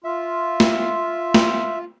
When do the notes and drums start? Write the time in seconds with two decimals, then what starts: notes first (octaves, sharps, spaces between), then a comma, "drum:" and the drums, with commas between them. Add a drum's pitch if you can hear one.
0.04 F4 E5
0.60 drum: snare
1.34 drum: snare